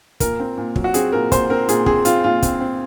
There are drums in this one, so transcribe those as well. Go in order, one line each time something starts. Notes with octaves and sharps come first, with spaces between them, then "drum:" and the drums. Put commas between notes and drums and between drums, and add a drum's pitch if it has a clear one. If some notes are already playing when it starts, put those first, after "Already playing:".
A#2 A#4, drum: kick, hi-hat
C4
A#2
F#3, drum: kick
F#4
C4 G#4, drum: hi-hat
A#2 A#4
A#2 C5, drum: kick, hi-hat
C4 A#4
A#2 G#4, drum: hi-hat
C4 G#4, drum: kick
C4 F4, drum: hi-hat
A#2 F4
C4, drum: kick, hi-hat
C4